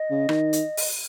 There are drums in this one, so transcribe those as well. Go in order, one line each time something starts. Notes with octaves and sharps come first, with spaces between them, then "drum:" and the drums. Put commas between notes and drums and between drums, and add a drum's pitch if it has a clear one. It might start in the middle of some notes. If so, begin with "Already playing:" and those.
Already playing: D#5
C#3
D#3, drum: rim click
drum: hi-hat
drum: open hi-hat